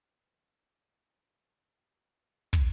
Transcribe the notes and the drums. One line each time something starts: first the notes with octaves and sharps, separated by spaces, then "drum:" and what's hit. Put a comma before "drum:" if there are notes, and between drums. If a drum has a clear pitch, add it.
A#5
B2
D4
drum: kick